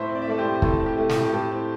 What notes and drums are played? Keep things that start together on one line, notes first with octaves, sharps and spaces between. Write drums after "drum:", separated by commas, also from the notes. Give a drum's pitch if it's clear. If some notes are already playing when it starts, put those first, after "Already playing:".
Already playing: A2 C5 E5
C4
D5
E5
A3 A4 D5
G4 C5
A2
C5
A2 A4, drum: kick
C4
G4
A3
G4, drum: snare
A2
G4
A2 A4
C4